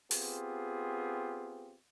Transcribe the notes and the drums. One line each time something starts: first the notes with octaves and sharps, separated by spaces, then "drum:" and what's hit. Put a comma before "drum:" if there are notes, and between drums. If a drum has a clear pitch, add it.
B3 C4 F4 G4 G#4, drum: open hi-hat